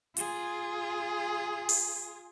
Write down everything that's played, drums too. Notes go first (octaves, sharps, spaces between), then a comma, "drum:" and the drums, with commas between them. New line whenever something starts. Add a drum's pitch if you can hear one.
F4 G#4, drum: hi-hat
drum: open hi-hat